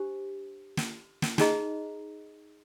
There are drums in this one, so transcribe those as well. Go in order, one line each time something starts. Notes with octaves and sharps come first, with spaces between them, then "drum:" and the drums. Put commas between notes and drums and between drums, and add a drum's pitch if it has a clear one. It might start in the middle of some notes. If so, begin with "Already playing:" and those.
Already playing: D4 G4 C5
drum: snare
drum: snare
D#4 G#4 D#5 A#5, drum: snare